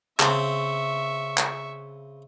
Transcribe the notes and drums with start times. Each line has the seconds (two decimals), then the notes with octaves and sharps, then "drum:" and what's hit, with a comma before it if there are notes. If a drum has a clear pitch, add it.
0.20 C#3 C4 E5 C#6, drum: clap
1.37 drum: clap